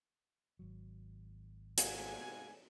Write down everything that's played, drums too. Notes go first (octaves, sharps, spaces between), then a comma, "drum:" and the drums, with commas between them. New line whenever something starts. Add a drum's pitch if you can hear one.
G#1 F#3
G#2 C3 F#4 F5 F#5 G#5, drum: hi-hat